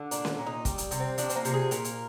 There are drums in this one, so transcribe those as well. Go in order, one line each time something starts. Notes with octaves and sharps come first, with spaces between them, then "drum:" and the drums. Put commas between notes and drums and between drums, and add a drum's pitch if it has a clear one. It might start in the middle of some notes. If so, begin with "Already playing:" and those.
Already playing: D3
A#2 D4, drum: hi-hat
drum: snare C#4
A#2
D#4
G3, drum: kick, hi-hat
drum: hi-hat
C3, drum: hi-hat
C4
F3 D4, drum: hi-hat
C4, drum: hi-hat
A#3
C3, drum: hi-hat
G#4
A#2 A#4, drum: hi-hat
drum: hi-hat